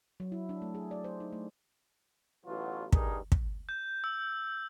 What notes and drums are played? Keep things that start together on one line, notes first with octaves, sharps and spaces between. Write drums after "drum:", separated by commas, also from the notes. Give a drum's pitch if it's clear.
F#3
E4
D4
A3
G#4
D5
C5
D#4
A3
A1 B2 E3 F#3 F4 F#4
G2 D#4 G#4 A#4, drum: kick
drum: kick
G6
E6